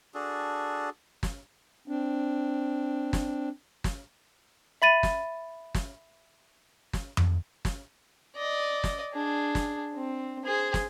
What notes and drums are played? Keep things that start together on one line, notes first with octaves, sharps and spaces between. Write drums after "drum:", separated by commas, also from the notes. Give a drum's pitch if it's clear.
D4 F#4 G#4 A4
drum: snare
C4 D4
drum: snare
drum: snare
E5 B5 A6 D#7
drum: snare
drum: snare
drum: snare
drum: tom F2
drum: snare
D5 D#5
drum: snare
D4 G#4
drum: snare
C4
G#4 C5
drum: snare